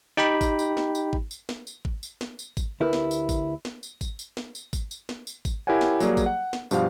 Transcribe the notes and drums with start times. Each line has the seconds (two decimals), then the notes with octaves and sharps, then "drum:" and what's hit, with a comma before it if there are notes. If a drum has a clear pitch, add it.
0.17 D#4 G4 G5 B5
0.41 drum: kick G#1, tambourine
0.59 drum: tambourine
0.77 drum: snare
0.95 drum: tambourine
1.13 drum: kick G#1
1.31 drum: tambourine
1.49 drum: snare
1.67 drum: tambourine
1.85 drum: kick G#1
2.03 drum: tambourine
2.21 drum: snare
2.39 drum: tambourine
2.57 drum: kick G#1, tambourine
2.80 D2 E4 G4 A#4 B4
2.93 drum: snare
3.11 drum: tambourine
3.29 drum: kick G#1, tambourine
3.65 drum: snare
3.83 drum: tambourine
4.01 drum: kick G#1, tambourine
4.19 drum: tambourine
4.37 drum: snare
4.55 drum: tambourine
4.73 drum: kick G#1, tambourine
4.91 drum: tambourine
5.09 drum: snare
5.27 drum: tambourine
5.45 drum: kick G#1, tambourine
5.67 E4 G4 A#4 C#5 F#5 G#5
5.81 drum: snare
6.00 F#3 G3 A#3 G#4 D5, drum: tambourine
6.17 drum: kick G#1, tambourine
6.26 F#5
6.53 drum: snare
6.71 G2 B2 F3 G4 F5, drum: tambourine